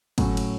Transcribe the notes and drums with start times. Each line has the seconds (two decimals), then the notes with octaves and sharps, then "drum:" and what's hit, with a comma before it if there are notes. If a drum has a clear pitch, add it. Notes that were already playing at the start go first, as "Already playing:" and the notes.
0.18 A2 F#3 C#4, drum: kick, cymbal
0.37 drum: cymbal